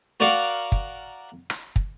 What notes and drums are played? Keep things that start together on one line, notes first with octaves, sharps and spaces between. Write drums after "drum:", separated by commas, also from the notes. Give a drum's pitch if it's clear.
F#4 A#4 D5 F5 F#5
drum: kick
drum: rim click
drum: kick